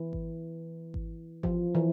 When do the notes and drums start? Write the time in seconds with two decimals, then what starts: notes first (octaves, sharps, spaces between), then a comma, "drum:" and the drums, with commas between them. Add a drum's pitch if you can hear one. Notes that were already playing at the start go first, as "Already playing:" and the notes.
Already playing: E3
0.13 drum: kick G#1
0.94 drum: kick G#1
1.43 F3, drum: kick G#1
1.75 E3